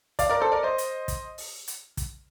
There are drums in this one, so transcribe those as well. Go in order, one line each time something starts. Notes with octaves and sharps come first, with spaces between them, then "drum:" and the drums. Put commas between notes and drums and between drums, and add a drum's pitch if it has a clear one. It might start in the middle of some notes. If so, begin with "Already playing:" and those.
D5 F5, drum: kick, hi-hat
A#4 D5
A4 C5
A#4 D5
C5 D#5
drum: hi-hat
drum: kick, hi-hat
drum: open hi-hat
drum: hi-hat
drum: kick, hi-hat